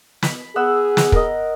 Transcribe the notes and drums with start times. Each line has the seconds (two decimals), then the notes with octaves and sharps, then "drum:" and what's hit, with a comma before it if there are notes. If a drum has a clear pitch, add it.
0.23 B5, drum: snare
0.56 B3 G#4 F#5 E6
0.97 drum: snare
1.12 A#4 D#5, drum: kick